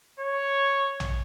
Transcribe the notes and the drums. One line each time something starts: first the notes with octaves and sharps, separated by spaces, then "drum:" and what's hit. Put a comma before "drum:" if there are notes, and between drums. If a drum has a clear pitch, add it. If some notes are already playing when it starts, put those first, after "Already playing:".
C#5
drum: tom A#1